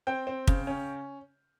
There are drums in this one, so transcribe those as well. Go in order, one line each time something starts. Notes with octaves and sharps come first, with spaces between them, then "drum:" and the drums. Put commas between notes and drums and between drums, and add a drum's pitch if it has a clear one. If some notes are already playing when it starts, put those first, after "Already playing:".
C4 G5
C4
C#3, drum: kick
C#4